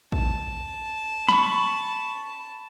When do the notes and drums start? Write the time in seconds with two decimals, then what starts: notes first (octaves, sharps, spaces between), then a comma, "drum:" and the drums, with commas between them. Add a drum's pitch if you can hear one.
0.12 A5, drum: kick
1.29 B5 C#6, drum: snare